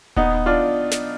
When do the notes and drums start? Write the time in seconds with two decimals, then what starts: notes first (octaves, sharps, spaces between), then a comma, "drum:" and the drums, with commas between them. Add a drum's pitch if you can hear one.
0.16 B3 D#4, drum: kick D#1
0.46 D4 F4
0.91 drum: snare